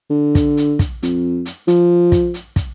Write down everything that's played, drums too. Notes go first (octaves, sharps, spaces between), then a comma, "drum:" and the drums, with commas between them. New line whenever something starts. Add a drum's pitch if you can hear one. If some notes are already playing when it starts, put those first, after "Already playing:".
D3
drum: kick, hi-hat
drum: hi-hat
drum: kick, hi-hat
F2, drum: hi-hat
drum: hi-hat
F3, drum: hi-hat
drum: kick, hi-hat
drum: hi-hat
drum: kick, hi-hat